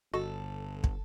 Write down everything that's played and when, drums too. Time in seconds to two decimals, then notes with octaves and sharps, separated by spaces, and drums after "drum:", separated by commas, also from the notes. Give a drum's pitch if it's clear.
0.14 G1 F#4 A4 D#5
0.84 drum: kick